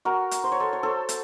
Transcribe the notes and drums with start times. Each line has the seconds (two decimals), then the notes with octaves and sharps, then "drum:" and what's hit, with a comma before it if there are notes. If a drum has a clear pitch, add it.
0.05 F#4 A#4
0.31 drum: hi-hat
0.44 C5
0.52 C#5
0.60 A4 C5
0.73 C#5
0.83 A4 C5
1.09 drum: hi-hat